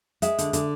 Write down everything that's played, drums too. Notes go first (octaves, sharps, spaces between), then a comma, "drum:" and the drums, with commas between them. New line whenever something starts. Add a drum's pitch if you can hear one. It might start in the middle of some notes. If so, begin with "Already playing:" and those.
G#3 E5, drum: hi-hat
D3, drum: hi-hat
D3, drum: hi-hat